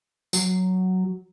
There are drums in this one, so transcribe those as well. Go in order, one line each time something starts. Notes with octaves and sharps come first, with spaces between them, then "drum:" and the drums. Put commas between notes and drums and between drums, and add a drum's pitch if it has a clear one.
F#3, drum: tambourine